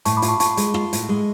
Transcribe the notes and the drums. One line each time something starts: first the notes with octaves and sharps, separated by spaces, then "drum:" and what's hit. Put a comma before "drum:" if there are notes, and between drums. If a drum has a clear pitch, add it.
A2 A5 C#6, drum: hi-hat
B5 D6
F4, drum: hi-hat
A5 C#6
F4 A5 C#6, drum: hi-hat
G#3, drum: hi-hat
F4, drum: rim click
A2, drum: hi-hat
G#3